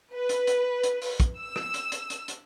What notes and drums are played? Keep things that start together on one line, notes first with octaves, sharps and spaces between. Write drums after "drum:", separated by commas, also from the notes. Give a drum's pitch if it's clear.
B4
drum: hi-hat
drum: hi-hat
drum: hi-hat
drum: open hi-hat
drum: kick, hi-hat
E6
drum: rim click
drum: hi-hat
drum: hi-hat
drum: hi-hat
drum: hi-hat